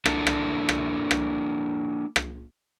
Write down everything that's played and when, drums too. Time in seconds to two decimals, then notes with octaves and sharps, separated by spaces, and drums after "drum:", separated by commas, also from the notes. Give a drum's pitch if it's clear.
0.06 A#3 D4 E4 A4, drum: rim click
0.27 drum: rim click
0.69 drum: rim click
1.11 drum: rim click
2.16 drum: rim click